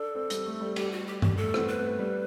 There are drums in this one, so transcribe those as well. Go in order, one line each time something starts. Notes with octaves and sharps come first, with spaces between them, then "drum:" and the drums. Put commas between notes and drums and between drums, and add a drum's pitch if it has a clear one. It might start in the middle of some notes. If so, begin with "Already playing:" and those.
Already playing: D4 A4
C4
G3, drum: hi-hat
A3
G3
G3 G4, drum: cymbal
F#4
G4
G4, drum: tom G2
A3 A4
C4, drum: rim click
B3
B4
A3
G3